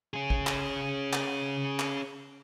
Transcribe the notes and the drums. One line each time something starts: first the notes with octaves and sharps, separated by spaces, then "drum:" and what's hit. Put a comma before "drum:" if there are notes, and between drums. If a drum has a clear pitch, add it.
C#4 G#4
drum: kick
drum: clap
drum: clap
drum: clap